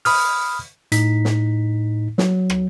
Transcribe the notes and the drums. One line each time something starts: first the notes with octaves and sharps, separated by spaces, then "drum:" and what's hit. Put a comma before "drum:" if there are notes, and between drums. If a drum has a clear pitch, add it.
B5 D#6 F6, drum: open hi-hat
A2 D#4 B6, drum: hi-hat
drum: snare
F#3, drum: snare
drum: rim click